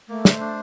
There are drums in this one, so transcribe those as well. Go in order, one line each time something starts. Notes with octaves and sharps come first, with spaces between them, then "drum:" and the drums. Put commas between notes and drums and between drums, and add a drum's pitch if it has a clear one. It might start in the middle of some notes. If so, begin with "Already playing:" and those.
A3 A#3
C5, drum: snare
D4